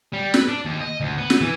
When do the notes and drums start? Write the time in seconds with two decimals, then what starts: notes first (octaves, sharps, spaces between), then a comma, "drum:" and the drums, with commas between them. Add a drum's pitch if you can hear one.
0.13 G3
0.34 B4, drum: snare
0.48 D4
0.65 D#2
0.80 D#5
1.00 D2
1.18 B3
1.30 drum: snare
1.41 E3